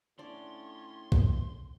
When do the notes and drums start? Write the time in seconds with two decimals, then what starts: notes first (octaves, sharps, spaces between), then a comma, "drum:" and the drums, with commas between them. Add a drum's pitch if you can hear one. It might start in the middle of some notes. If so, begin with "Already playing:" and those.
0.19 A2 C#4 D4 F4 D5 C6
1.12 drum: kick